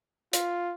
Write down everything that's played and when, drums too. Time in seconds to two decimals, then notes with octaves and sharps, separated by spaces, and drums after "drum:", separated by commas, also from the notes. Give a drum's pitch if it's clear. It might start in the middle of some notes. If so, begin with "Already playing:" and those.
0.33 F4, drum: hi-hat